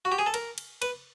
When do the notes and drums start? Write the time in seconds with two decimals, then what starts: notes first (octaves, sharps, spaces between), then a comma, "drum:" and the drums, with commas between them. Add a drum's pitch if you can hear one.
0.05 F#4
0.12 G4
0.19 G#4
0.26 A4
0.34 A#4, drum: cymbal
0.58 drum: cymbal
0.82 B4, drum: cymbal